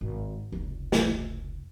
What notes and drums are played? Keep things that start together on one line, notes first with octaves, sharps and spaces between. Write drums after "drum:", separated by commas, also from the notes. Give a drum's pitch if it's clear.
G#1
F1 C#2
drum: snare